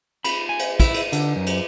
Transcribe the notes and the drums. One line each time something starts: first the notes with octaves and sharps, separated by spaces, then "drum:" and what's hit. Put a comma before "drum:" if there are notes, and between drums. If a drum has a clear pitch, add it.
B5, drum: cymbal
G#5
drum: cymbal
E4, drum: kick, cymbal
drum: cymbal
D3, drum: cymbal
F#2
drum: cymbal